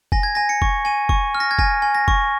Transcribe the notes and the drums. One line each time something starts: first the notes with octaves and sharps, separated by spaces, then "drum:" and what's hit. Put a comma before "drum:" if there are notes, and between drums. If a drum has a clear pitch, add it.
G#5 A#6, drum: kick
G#6
G#5 A#6
C#7
C#6, drum: kick
G#5 D#7
C#6, drum: kick
F6
A#6
G#6
G#5 A#6, drum: kick
G#5
A#6
C#6, drum: kick